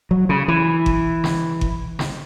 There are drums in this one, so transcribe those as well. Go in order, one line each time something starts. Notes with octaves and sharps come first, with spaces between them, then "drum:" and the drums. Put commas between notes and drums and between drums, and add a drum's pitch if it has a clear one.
F#3
C#3
E3
drum: kick G1
drum: snare
drum: kick G1
drum: snare